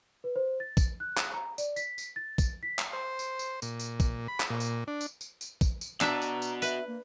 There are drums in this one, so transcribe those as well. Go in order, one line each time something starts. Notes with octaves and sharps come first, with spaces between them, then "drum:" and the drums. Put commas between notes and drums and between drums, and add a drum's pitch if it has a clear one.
B4
C5
A6
drum: kick, tambourine
F#6
drum: clap
A#5
D5, drum: tambourine
B6, drum: tambourine
drum: tambourine
A6
drum: kick, tambourine
B6
drum: clap
C5
drum: tambourine
drum: tambourine
A#2, drum: tambourine
drum: tambourine
drum: kick, tambourine
B5
drum: clap
A#2
drum: tambourine
D4
drum: tambourine
drum: tambourine
drum: tambourine
drum: kick, tambourine
drum: tambourine
B3 D4 F#4 E5 A#5, drum: clap
drum: tambourine
drum: tambourine
B4 E5, drum: tambourine
A#3